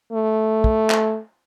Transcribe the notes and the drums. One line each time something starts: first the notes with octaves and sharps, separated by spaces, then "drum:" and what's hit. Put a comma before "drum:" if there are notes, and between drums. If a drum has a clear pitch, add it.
A3
drum: kick
drum: clap